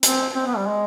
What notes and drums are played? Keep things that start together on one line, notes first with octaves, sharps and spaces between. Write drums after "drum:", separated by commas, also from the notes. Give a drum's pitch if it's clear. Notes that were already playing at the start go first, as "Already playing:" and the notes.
C4, drum: hi-hat
C4
B3
G3
G#3